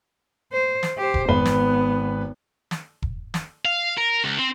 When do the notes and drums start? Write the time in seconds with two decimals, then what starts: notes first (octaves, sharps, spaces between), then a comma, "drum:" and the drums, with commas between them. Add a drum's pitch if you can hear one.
0.53 C5
0.83 drum: snare
0.98 G4 C5
1.14 drum: kick E1
1.29 G#1 B3 B4 G7
1.45 drum: snare
2.71 drum: snare
3.02 drum: kick E1
3.34 drum: snare
3.65 F5
3.98 A#4
4.24 C#2
4.39 C4